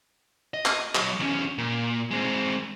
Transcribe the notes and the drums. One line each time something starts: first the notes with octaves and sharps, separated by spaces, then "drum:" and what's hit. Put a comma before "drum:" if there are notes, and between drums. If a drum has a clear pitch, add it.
D#5
drum: clap
F#3 D#5, drum: clap
E2 C#4
A#2
G#3 C4